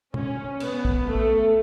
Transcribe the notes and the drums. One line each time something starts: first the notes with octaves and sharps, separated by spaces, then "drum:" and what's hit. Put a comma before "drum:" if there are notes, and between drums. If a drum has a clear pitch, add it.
C#4, drum: tom
B3, drum: cymbal
drum: kick
A3